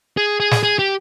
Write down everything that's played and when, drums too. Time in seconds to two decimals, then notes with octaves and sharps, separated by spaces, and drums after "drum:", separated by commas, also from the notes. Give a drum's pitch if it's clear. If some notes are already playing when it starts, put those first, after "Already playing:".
0.17 G#4
0.40 G#4
0.51 drum: snare
0.63 G#4
0.79 G4